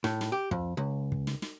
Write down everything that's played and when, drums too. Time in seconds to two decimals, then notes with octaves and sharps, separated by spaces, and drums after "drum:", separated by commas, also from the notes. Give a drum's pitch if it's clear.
0.04 A2, drum: snare
0.21 drum: snare
0.32 G4
0.51 F2, drum: kick
0.77 C#2
1.12 drum: kick
1.27 drum: snare
1.42 drum: snare